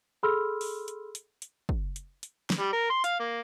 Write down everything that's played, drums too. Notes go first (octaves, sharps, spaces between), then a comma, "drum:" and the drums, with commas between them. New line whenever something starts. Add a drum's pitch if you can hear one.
G#4 A4 B5 C6 E6 F6
drum: open hi-hat
drum: hi-hat
drum: hi-hat
drum: hi-hat
drum: kick
drum: hi-hat
drum: hi-hat
drum: snare
G3
A#4
C6
F5, drum: hi-hat
A#3